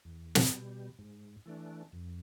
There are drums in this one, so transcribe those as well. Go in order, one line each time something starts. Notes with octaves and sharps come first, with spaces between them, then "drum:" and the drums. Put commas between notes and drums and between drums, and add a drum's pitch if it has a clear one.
E2
drum: snare
B2 G3
G#2
E3 A3 D4
F2